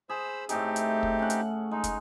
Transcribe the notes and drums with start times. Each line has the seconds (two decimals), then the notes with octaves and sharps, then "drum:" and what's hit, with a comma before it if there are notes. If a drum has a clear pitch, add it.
0.10 G#4 C5 B5 E6
0.49 A2 A3 C4 D#4 G4 G#4, drum: hi-hat
0.76 drum: hi-hat
1.03 drum: kick
1.19 C#4 F#5
1.30 drum: hi-hat
1.71 G#3 D#4
1.84 drum: kick, hi-hat